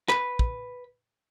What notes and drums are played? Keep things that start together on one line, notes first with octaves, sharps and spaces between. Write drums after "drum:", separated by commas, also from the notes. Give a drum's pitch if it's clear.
B4, drum: clap
drum: kick